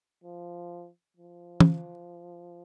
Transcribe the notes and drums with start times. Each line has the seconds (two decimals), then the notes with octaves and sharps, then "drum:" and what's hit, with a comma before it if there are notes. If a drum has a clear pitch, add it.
0.24 F3
1.17 F3
1.60 drum: tom